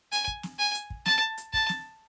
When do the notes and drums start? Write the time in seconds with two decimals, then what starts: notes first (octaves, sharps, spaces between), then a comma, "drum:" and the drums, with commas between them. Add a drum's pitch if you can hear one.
0.12 G#5, drum: hi-hat
0.28 drum: kick
0.43 drum: snare
0.59 G#5
0.75 drum: hi-hat
0.90 drum: kick
1.06 A5, drum: snare
1.38 drum: hi-hat
1.54 A5, drum: kick
1.69 drum: snare